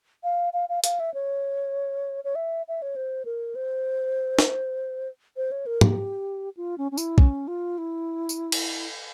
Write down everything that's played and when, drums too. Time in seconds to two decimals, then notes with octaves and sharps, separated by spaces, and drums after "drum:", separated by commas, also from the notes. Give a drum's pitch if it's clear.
0.24 F5
0.53 F5
0.69 F5
0.84 F5, drum: hi-hat
1.00 E5
1.14 C#5
2.24 C#5
2.35 E5
2.68 E5
2.82 C#5
2.96 C5
3.25 A#4
3.55 C5
4.39 drum: snare
5.37 C5
5.51 C#5
5.66 A#4
5.81 G4, drum: tom
6.57 F4
6.78 C#4
6.92 C#4
6.97 E4, drum: tambourine
7.18 C#4, drum: kick
7.48 F4
7.78 E4
8.29 drum: tambourine
8.52 drum: cymbal